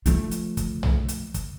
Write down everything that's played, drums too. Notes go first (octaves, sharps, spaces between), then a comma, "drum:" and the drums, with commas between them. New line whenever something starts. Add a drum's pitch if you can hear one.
F3 A3, drum: hi-hat
drum: hi-hat
drum: kick, hi-hat
drum: tom B1
drum: hi-hat
drum: kick, hi-hat